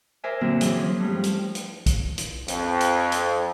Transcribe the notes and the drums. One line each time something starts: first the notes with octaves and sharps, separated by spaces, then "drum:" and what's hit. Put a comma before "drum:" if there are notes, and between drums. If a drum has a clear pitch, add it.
A#4 C5 D5 E5 G#5
F#2 A#2 D3 F#3 A#3 C4
E3 F#3 G#4 D5, drum: hi-hat
F3 C#4
G2 A3
F3 G3
drum: hi-hat
drum: hi-hat
drum: kick, hi-hat
drum: hi-hat
F2, drum: hi-hat
drum: hi-hat
drum: hi-hat